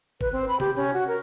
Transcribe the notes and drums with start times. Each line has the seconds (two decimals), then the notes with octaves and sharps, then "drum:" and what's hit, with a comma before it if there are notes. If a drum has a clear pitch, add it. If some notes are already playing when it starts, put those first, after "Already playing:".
0.21 B4, drum: kick
0.33 C4
0.48 B5
0.60 G4, drum: tom C3
0.76 C#4
0.94 F#4
1.08 A#4